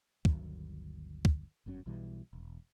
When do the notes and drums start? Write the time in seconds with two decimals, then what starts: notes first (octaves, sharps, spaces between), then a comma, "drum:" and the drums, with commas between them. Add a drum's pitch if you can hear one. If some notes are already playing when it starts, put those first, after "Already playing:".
0.25 G1 D2 D#3 F#3, drum: kick
1.25 drum: kick
1.66 G1 F#2 F#3 C#4
1.86 B1 B2 E3 G3
2.33 E1